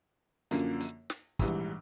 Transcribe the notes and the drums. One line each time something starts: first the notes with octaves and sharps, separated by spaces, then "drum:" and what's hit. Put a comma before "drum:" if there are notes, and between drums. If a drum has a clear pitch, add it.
F#2 D3 F3 A#3, drum: hi-hat
drum: hi-hat
drum: snare
A#1 G#2 E3 G3, drum: kick, hi-hat